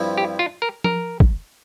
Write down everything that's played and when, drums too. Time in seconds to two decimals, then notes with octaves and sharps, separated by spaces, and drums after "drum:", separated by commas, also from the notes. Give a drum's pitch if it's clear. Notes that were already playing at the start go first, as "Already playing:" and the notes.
Already playing: G2 F3 C4 E4
0.18 G4
0.39 F4
0.62 A#4
0.84 A#4, drum: tom F3
1.20 drum: kick